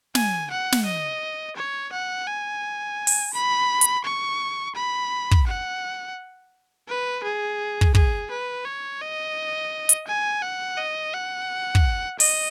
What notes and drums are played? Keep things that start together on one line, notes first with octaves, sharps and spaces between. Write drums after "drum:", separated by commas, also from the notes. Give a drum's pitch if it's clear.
G#5, drum: snare
F#5
drum: snare
D#5
C#5
F#5
G#5
drum: open hi-hat
B5
drum: hi-hat
C#6
B5
drum: kick
F#5
B4
G#4
drum: kick
G#4, drum: kick
B4
C#5
D#5
drum: hi-hat
G#5
F#5
D#5
F#5
drum: kick
D#5, drum: open hi-hat